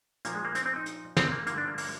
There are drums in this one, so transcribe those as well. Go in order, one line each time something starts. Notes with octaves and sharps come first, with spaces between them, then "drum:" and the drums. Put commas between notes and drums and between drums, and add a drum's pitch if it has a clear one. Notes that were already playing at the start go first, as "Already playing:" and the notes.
A#2 F3 A#3, drum: hi-hat
G#3
A#3
C4, drum: hi-hat
C4
D#4
drum: hi-hat
C4, drum: snare
A#3
G2 D3 F3 A#3, drum: hi-hat
D4
A#3
A#3, drum: open hi-hat